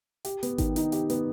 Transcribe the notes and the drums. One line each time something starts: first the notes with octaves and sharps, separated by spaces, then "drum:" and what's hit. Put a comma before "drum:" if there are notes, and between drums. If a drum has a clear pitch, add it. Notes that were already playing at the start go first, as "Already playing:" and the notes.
G4, drum: hi-hat
B3, drum: hi-hat
D#3, drum: kick G#1, hi-hat
D#4, drum: hi-hat
G4, drum: hi-hat
B3, drum: hi-hat